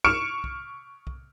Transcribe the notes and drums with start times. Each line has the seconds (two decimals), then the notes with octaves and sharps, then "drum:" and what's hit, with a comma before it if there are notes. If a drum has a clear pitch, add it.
0.04 C#6 F6 C#7 D7 E7, drum: kick B1
0.44 drum: kick B1
1.07 drum: kick B1